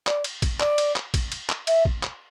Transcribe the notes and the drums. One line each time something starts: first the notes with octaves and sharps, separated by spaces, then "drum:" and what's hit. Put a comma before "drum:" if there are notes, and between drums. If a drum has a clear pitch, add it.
D5, drum: clap
drum: cymbal
drum: kick, cymbal
D5, drum: clap
drum: cymbal
drum: clap
drum: kick, cymbal
drum: cymbal
drum: clap
E5, drum: cymbal
drum: kick
drum: clap